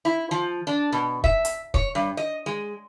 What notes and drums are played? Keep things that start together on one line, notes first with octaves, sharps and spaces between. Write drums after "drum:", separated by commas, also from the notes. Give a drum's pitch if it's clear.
E4
F3
D4
B2
E5, drum: kick
drum: hi-hat
C#5, drum: kick
G2
D#5
G#3